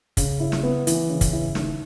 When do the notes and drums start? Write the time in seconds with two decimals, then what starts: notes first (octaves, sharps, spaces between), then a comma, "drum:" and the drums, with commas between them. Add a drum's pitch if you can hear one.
0.17 C#3, drum: kick, hi-hat
0.40 E4
0.52 drum: snare
0.63 B3
0.87 E3, drum: hi-hat
1.09 C#3
1.21 drum: kick, hi-hat
1.32 E4
1.55 D#3, drum: snare